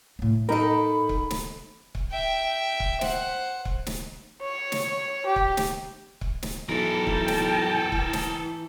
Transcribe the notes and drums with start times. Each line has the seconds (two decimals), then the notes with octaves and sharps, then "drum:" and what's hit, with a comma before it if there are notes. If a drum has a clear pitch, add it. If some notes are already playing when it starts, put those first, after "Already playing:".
0.19 A2 C#4
0.49 D#4 A4 A#4 G5 B5
1.09 drum: kick C#1
1.31 drum: snare
1.95 drum: kick C#1
2.11 E5 G5
2.80 drum: kick C#1
3.01 C5 F#5, drum: snare
3.65 drum: kick C#1
3.87 drum: snare
4.42 C#5
4.72 drum: snare
5.27 G4
5.36 drum: kick C#1
5.57 drum: snare
6.21 drum: kick C#1
6.43 drum: snare
6.69 B1 E3 A4 A#4 G5 A5
7.07 drum: kick C#1
7.28 drum: snare
7.92 drum: kick C#1
8.13 drum: snare